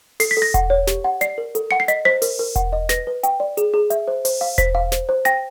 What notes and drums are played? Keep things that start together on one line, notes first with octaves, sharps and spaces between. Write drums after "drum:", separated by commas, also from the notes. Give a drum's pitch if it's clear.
A4 C7, drum: open hi-hat
B6
A4 A#6
F#5, drum: kick E1, hi-hat
C#5
G4, drum: snare
F#5
D5 C7, drum: hi-hat
A#4
A4, drum: hi-hat
F#5 C#7
C7
D#5 B6, drum: hi-hat
C5 B6
A#4, drum: open hi-hat
A#4
F#5, drum: kick E1, hi-hat
D#5
B4 A#6, drum: snare
B4
G5, drum: hi-hat
D5
G#4, drum: hi-hat
G#4
E5, drum: hi-hat
C5
C5, drum: open hi-hat
F5
C5 B6, drum: kick E1, hi-hat
F5
C5, drum: snare
C5
G5 A#6, drum: hi-hat